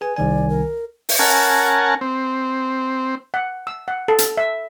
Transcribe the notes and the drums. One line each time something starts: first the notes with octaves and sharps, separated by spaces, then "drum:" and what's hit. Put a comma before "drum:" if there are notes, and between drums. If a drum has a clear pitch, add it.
G#4 B4 G#5
C2 D#3 D5 G#5
A#4
drum: open hi-hat
C#4 A#4 F#5 G#5 A5
C4
F#5
E6
F#5
A4
drum: hi-hat
E5